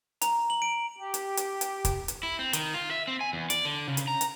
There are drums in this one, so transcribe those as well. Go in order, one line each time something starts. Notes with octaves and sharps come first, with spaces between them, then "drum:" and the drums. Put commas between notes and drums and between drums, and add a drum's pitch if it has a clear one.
A#5, drum: hi-hat
F#7
D7
G4
drum: hi-hat
drum: hi-hat
drum: hi-hat
drum: kick, hi-hat
drum: hi-hat
E4
C4
D#3, drum: hi-hat
F4
E5
C4
G#5
E2
D5, drum: hi-hat
D3
C#3
drum: hi-hat
A#5
drum: hi-hat